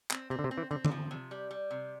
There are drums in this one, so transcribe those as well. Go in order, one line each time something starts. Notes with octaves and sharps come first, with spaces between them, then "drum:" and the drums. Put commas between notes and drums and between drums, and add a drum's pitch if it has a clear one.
C4, drum: clap
C3 C4
D3
C3
C4
E3
D3 C4
D3, drum: tom D3
F3
C3
G3
G3
C3